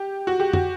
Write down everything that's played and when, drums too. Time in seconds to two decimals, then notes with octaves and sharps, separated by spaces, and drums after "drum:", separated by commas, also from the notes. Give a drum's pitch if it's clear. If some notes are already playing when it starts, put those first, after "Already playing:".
Already playing: G4
0.27 F#4
0.40 G4
0.53 F#4, drum: tom F2